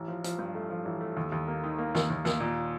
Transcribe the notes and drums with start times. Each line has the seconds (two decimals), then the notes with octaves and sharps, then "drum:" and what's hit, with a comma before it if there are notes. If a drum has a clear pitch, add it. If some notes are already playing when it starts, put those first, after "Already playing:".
Already playing: A1
0.08 F3
0.24 F3, drum: hi-hat
0.39 G2
0.55 A3
0.70 F3
0.85 A1
1.01 A3
1.17 D#2
1.32 D#2
1.48 A#3
1.64 D#3
1.79 A#3
1.95 D#2, drum: snare
2.10 D#2
2.25 D#2, drum: snare
2.40 A#2